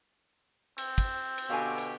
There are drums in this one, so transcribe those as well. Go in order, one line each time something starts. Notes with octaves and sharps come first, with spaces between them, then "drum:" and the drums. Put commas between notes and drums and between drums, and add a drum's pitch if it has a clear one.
C4, drum: cymbal
drum: kick, cymbal
drum: cymbal
B2 D3 G4 F5 G#5
drum: cymbal